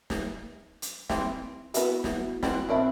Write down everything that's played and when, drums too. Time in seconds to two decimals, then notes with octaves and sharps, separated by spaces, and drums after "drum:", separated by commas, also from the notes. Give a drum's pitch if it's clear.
0.10 drum: snare
0.82 drum: hi-hat
1.09 E3 C4, drum: snare
1.74 B3 E4 F#4 B4 E5, drum: hi-hat
2.04 drum: snare
2.43 B3 C4 F#4 F#6, drum: snare
2.69 A#1 D#3 C4 D4 E4 E5